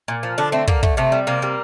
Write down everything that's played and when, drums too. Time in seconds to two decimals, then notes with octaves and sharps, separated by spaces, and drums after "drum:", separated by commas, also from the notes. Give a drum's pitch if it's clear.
0.08 A#2
0.23 F3
0.38 D3 D4
0.52 A3 C4
0.67 D3 A#3, drum: kick
0.83 A3, drum: kick
0.97 C3 A3
1.12 G3
1.27 C3 A#3
1.42 G3